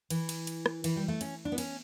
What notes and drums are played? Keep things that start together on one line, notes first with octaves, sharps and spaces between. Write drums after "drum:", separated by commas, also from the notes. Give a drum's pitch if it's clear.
E3, drum: cymbal
drum: cymbal
drum: cymbal
drum: rim click
E3, drum: cymbal
G3
A3
C#4, drum: cymbal
D4
B3
C#4, drum: cymbal